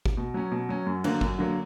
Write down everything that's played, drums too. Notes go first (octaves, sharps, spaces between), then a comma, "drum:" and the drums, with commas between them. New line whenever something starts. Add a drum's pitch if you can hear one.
drum: kick
B2
F#3 C#4
B2
F#3 C#4
F#2
D3 F#3 A#3, drum: cymbal
F#2, drum: kick
D3 F#3 A#3